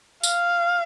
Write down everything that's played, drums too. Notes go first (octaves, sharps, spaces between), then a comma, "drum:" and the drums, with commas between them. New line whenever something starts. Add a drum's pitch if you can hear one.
F5, drum: tambourine